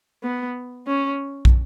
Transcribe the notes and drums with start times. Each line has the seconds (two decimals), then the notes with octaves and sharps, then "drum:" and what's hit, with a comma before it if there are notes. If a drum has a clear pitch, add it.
0.23 B3
0.87 C#4
1.45 drum: kick